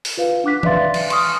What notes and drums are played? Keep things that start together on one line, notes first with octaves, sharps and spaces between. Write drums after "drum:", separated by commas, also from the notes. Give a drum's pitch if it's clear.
drum: open hi-hat
F4 B4 F5
D4 F#5 D6 F#6 B6
B4 D5 E5 F5 C6 A6, drum: tom E3
drum: cymbal
C6 C#6 D#6 F6, drum: cymbal